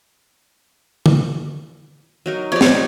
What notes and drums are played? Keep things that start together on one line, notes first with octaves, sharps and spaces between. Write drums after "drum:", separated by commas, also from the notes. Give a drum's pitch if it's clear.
drum: tom
F#3 D#4 A#4
F3 D#4 G4 C#5 D5
drum: snare